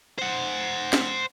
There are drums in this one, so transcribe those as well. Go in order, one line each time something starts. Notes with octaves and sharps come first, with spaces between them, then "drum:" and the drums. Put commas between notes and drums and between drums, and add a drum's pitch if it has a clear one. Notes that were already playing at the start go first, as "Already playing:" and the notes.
C5 F#5
drum: snare